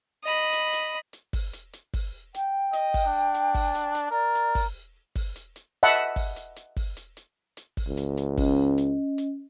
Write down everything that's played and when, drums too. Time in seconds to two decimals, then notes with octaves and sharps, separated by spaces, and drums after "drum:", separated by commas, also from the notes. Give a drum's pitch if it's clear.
0.24 D#5 B5
0.53 drum: hi-hat
0.73 drum: hi-hat
1.13 drum: hi-hat
1.33 drum: kick, open hi-hat
1.53 drum: hi-hat
1.73 drum: hi-hat
1.94 drum: kick, open hi-hat
2.34 G5, drum: hi-hat
2.73 D#5, drum: hi-hat
2.94 drum: kick, open hi-hat
3.06 D4
3.34 drum: hi-hat
3.54 drum: kick, open hi-hat
3.75 drum: hi-hat
3.95 drum: hi-hat
4.11 A#4 D5
4.35 drum: hi-hat
4.55 drum: kick, open hi-hat
5.15 drum: kick, open hi-hat
5.36 drum: hi-hat
5.56 drum: hi-hat
5.83 D#5 E5 F#5 A5 B5
6.16 drum: kick, open hi-hat
6.36 drum: hi-hat
6.56 drum: hi-hat
6.76 drum: kick, open hi-hat
6.97 drum: hi-hat
7.17 drum: hi-hat
7.57 drum: hi-hat
7.77 drum: kick, open hi-hat
7.87 C#2
7.97 drum: hi-hat
8.17 drum: hi-hat
8.37 C#4 D#5, drum: kick, open hi-hat
8.78 drum: hi-hat
9.18 drum: hi-hat